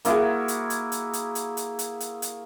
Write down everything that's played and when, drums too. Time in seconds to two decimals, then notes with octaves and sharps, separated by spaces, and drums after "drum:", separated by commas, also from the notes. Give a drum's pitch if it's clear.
0.05 A#3 E4 F#4 G#4, drum: hi-hat
0.48 drum: hi-hat
0.70 drum: hi-hat
0.92 drum: hi-hat
1.13 drum: hi-hat
1.35 drum: hi-hat
1.57 drum: hi-hat
1.79 drum: hi-hat
2.00 drum: hi-hat
2.22 drum: hi-hat